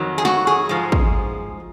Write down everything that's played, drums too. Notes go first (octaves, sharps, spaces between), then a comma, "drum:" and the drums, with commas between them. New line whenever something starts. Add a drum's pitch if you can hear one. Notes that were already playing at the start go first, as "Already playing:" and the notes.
Already playing: F2 D#3 F#3
G#4
F#4, drum: snare
G#4
G#2 F3 G#3
drum: kick